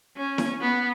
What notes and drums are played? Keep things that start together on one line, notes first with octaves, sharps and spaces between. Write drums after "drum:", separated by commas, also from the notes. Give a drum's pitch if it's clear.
C#4
drum: snare E4
B3